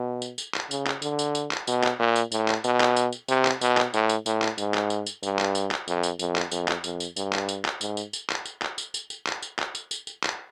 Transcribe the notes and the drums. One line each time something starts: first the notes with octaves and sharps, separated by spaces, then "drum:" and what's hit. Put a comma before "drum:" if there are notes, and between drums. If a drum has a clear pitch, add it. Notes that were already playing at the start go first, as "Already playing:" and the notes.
Already playing: B2
drum: tambourine
drum: tambourine
drum: clap
C#3, drum: tambourine
drum: clap
D3, drum: tambourine
drum: tambourine
drum: tambourine
drum: clap
B2, drum: tambourine
drum: clap
A#2
drum: tambourine
A2, drum: tambourine
drum: clap
B2, drum: tambourine
drum: clap
drum: tambourine
drum: tambourine
C3, drum: tambourine
drum: clap
B2, drum: tambourine
drum: clap
A2, drum: tambourine
drum: tambourine
A2, drum: tambourine
drum: clap
G#2, drum: tambourine
drum: clap
drum: tambourine
drum: tambourine
G2, drum: tambourine
drum: clap
drum: tambourine
drum: clap
F2, drum: tambourine
drum: tambourine
F2, drum: tambourine
drum: clap
F2, drum: tambourine
drum: clap
F2, drum: tambourine
drum: tambourine
G2, drum: tambourine
drum: clap
drum: tambourine
drum: clap
G#2, drum: tambourine
drum: tambourine
drum: tambourine
drum: clap
drum: tambourine
drum: clap
drum: tambourine
drum: tambourine
drum: tambourine
drum: clap
drum: tambourine
drum: clap
drum: tambourine
drum: tambourine
drum: tambourine
drum: clap